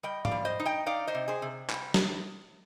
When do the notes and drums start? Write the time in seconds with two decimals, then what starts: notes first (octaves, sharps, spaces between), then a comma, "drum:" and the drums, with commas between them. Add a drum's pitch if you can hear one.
0.03 G3 D#5 G5
0.25 D5 F5, drum: tom
0.31 G3
0.45 C5 D#5
0.60 D#4
0.65 D#5 G5
0.86 D#4 D5 F5
1.07 C5 D#5
1.14 C3
1.28 G#4 C5
1.42 C3
1.70 G3, drum: clap
1.94 drum: snare